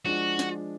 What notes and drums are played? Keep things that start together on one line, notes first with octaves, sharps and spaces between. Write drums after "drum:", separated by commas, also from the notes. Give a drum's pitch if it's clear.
F3 G#3 D4 F#4
drum: snare